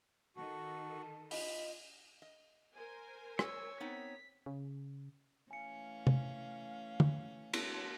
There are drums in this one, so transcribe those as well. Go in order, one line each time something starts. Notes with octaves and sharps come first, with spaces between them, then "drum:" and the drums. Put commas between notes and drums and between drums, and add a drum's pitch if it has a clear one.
D#3 D#4 F#4 A4 A5
F4 D#5 B5, drum: open hi-hat
D#5
A#4 C5 G#5
C#5 E6, drum: rim click
B3 C4 D#4 B6
C#3
E3 A3 C#4 F5 G#5 C#7
drum: tom
drum: tom
drum: cymbal